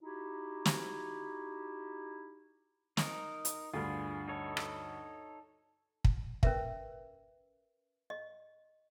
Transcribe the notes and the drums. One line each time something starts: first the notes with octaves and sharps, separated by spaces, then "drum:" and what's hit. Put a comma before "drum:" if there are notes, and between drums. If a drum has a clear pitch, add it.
D#4 E4 F#4 G4
drum: snare
D#4 A#4, drum: snare
drum: hi-hat
D2 G2 F4 G#4
D#4 A4 C#5
drum: rim click
drum: kick
C#4 A#4 B4 E5, drum: kick
D#5